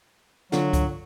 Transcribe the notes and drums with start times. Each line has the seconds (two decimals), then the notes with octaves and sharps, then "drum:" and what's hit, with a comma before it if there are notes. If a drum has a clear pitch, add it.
0.52 D3 F#3 F4, drum: snare
0.73 drum: kick C#2, hi-hat